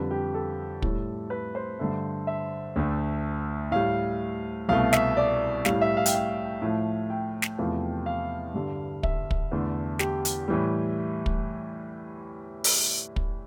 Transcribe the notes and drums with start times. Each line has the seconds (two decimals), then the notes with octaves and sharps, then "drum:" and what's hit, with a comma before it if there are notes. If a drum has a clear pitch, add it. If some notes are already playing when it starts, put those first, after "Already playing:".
Already playing: F2 D3 G3 B4
0.11 G4
0.34 A4
0.82 A2 G3, drum: kick
1.30 B4
1.55 C5
1.79 G2 D3 A3
2.27 E5
2.76 D2 D3 A3
3.72 A2 G3 F5
4.69 C2 B2 A3 F5
4.93 E5, drum: snare
5.17 D5
5.65 A2 G3 F5, drum: snare
5.81 E5
5.97 F5
6.06 G5, drum: hi-hat
6.15 F5
6.62 A2 F3 A3
7.10 G5
7.42 drum: snare
7.58 E2 C3 F3 A3
8.06 F5
8.54 G2 D3 G3
9.03 E5, drum: kick
9.31 drum: kick
9.52 E2 D3 A3
9.99 G4, drum: snare
10.25 drum: hi-hat
10.48 A2 E3 G3
11.26 drum: kick
12.64 drum: open hi-hat
13.16 drum: kick